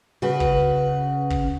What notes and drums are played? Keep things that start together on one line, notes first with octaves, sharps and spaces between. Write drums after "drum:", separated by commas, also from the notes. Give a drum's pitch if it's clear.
C#3 F#4 B4
drum: kick
drum: kick